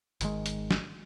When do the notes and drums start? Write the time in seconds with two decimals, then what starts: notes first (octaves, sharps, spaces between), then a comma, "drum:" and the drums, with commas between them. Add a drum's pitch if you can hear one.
0.21 G#1 D#3 G#3, drum: hi-hat
0.46 drum: hi-hat
0.71 drum: snare